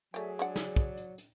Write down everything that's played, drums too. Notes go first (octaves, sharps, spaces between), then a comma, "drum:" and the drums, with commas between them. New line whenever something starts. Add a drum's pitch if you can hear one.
F#3 A3 G#4 D5 E5 G5 G#5, drum: hi-hat
G#3 D4 D5 F#5
drum: snare
drum: kick
drum: hi-hat
drum: hi-hat